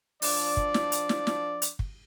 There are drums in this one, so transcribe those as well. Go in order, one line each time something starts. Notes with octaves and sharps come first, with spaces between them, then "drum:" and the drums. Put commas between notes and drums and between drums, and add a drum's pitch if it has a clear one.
F3 D4 D5, drum: open hi-hat
drum: kick
drum: snare
drum: hi-hat
drum: snare
drum: snare
drum: hi-hat
drum: kick